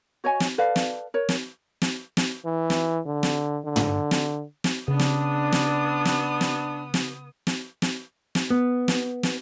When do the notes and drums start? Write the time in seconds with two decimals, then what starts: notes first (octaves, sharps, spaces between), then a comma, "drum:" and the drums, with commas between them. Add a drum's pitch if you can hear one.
0.24 F#4 C#5 D#5 G#5
0.40 drum: snare
0.58 A4 B4 D5 F5
0.76 drum: snare
1.14 A#4 C#5
1.29 drum: snare
1.82 drum: snare
2.17 drum: snare
2.45 E3
2.70 drum: snare
3.06 D3
3.23 drum: snare
3.65 D3
3.76 drum: tom
4.11 drum: snare
4.64 drum: snare
4.88 C#3 B3 D4 D#6
4.99 drum: snare
5.52 drum: snare
6.05 drum: snare
6.41 drum: snare
6.94 drum: snare
7.47 drum: snare
7.82 drum: snare
8.35 drum: snare
8.50 B3
8.88 drum: snare
9.23 drum: snare